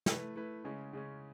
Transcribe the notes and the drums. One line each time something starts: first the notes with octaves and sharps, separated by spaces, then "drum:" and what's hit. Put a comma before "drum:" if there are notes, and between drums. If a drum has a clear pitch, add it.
A3 E4 B4, drum: snare
A3 E4 B4
C#3 G#3 C#4
C#3 G#3 C#4